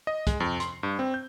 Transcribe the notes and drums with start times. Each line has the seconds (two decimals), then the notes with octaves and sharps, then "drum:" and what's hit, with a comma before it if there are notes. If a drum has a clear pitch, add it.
0.07 D#5
0.27 G#3, drum: kick, hi-hat
0.40 F2
0.60 C6, drum: hi-hat
0.83 G2
0.99 C4
1.14 G6